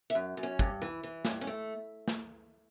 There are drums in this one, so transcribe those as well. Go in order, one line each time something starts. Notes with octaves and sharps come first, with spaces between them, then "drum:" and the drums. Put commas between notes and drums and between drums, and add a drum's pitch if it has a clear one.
E5
F#2
F#2
C#4
G2, drum: kick
E3
E3
G2 C#4, drum: snare
C#4
A3
drum: snare